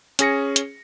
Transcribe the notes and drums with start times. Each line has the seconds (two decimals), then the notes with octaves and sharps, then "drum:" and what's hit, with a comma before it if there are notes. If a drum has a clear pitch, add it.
0.19 C#4 G#4 A#6 C#7, drum: hi-hat
0.56 drum: hi-hat